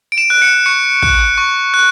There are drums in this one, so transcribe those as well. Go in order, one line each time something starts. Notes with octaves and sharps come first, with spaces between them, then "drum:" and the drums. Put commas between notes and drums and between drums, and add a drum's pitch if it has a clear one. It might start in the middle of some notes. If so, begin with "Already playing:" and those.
D7
E7
F#6
C#7
C#6 C#7
F#6, drum: kick
C#6
F#6